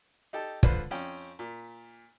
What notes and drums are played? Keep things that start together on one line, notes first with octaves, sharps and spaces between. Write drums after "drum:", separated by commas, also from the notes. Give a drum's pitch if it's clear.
D#4 G4 A4
D3 F4 B4 C5, drum: kick
F2 C#4 G5
A#2